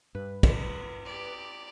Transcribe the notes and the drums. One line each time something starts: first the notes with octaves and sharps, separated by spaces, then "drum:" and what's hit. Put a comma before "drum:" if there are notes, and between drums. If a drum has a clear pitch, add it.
G2 B4
drum: kick, cymbal
G4 D5